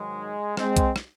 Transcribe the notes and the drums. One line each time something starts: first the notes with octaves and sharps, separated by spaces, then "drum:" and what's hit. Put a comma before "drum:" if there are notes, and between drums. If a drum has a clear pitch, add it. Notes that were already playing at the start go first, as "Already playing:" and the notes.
Already playing: G#2 D#3 F#3 G#3
G#3 C4, drum: rim click
drum: kick B1, hi-hat
drum: rim click